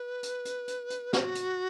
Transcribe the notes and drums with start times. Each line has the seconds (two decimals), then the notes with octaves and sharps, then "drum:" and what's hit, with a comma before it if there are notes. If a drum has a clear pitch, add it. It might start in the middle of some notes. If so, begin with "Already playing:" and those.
Already playing: B4
0.23 drum: hi-hat
0.45 drum: hi-hat
0.68 drum: hi-hat
0.90 drum: hi-hat
1.13 F#4, drum: snare
1.35 drum: hi-hat